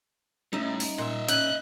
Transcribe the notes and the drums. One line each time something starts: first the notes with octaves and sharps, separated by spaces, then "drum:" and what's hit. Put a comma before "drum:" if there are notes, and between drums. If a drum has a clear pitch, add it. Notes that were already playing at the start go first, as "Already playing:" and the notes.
A2 G3 C#4 D#4 E5
drum: open hi-hat
A#2 D#5 E5
C#4 G#5 B5 E6 F#6 G6, drum: hi-hat